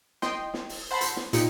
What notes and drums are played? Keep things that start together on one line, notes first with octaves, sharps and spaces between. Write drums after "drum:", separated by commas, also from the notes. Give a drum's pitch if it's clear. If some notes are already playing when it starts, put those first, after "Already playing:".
D#5 G5 C6, drum: snare
drum: snare
drum: open hi-hat
C5 F#5 A5 B5 C6
drum: hi-hat
drum: snare
A#2 D#4 G4 C#7, drum: hi-hat